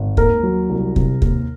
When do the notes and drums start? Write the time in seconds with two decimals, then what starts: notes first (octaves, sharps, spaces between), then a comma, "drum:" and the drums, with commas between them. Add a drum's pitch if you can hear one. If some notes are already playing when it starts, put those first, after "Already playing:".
Already playing: G#1
0.17 D#2 A#4, drum: kick
0.43 F#3
0.69 C2
0.96 C3, drum: kick
1.22 D#2, drum: kick